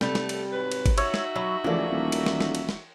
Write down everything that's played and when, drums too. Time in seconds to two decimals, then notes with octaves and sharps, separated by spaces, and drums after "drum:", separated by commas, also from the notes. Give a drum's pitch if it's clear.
0.01 C3 G3 A3 B3 A4, drum: snare
0.15 drum: snare
0.29 drum: cymbal
0.52 G#2 F#3 B4
0.72 drum: cymbal
0.86 drum: kick G#1, cymbal
0.98 D#4 F#4 C#5 E5 E6, drum: cymbal
1.14 drum: snare
1.36 F#3 B5
1.64 C#2 E3 F3 A3 A#3 D5
1.90 D#1
2.12 drum: cymbal
2.26 drum: snare
2.41 drum: snare
2.55 drum: cymbal
2.69 drum: snare